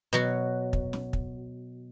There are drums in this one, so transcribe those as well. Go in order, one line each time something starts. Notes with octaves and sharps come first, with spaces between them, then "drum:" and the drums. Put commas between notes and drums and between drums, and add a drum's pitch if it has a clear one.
B2 F#3 F#4
drum: kick
drum: snare
drum: kick